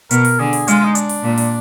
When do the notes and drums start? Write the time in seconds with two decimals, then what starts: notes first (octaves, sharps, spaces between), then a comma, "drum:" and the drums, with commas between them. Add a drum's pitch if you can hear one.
0.11 B2 A#4, drum: hi-hat
0.25 drum: open hi-hat
0.39 D3 G#4
0.53 drum: open hi-hat
0.68 G#3 F4, drum: hi-hat
0.84 D#4
0.95 D4, drum: hi-hat
1.09 drum: open hi-hat
1.23 A#2
1.38 drum: open hi-hat